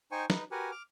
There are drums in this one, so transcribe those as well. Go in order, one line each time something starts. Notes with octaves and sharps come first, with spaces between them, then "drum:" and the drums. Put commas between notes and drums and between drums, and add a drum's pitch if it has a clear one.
D#4 C5 G5 G#5 C#6
D#4 B4, drum: snare
F#4 G4 A#4 B4 F#5 G#5
D6 F6